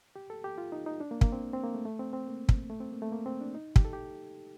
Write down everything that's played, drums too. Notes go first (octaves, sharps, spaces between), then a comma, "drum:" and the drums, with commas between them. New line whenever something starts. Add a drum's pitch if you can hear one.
G4
A4
G4
F4
D#4
D#4
D4
A#3
A#3, drum: kick
C4
C4
A#3
A3
A3
C4
C4
A#3
drum: kick
A3
C4
A#3
A3
A#3
C4
D4
D#4
G4, drum: kick
A4
G4